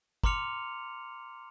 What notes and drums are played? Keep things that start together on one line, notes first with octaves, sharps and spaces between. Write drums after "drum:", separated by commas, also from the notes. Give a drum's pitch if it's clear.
A#5 C6 D6 F6 C#7 F7, drum: kick